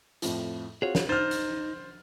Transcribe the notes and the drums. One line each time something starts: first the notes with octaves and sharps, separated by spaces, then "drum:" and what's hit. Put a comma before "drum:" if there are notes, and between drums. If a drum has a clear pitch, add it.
F2 A2 F3, drum: hi-hat
C4 F4 F#4 G#4 C#5
drum: snare
D#4 C5 F6 A6
drum: hi-hat